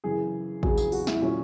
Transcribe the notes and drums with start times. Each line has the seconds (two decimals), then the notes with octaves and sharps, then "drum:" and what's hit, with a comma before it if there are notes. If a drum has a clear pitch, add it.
0.04 F#2 C#3 E3 G#4
0.63 E2 C#3 F#3 G#4, drum: kick A1
0.78 G#4, drum: tambourine
0.92 F#4, drum: open hi-hat
1.07 E4, drum: snare
1.22 A#2 F#3 C#4